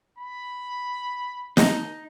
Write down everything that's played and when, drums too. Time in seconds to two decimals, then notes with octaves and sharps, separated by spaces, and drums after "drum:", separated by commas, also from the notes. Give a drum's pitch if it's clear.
0.18 B5
1.57 D#4, drum: snare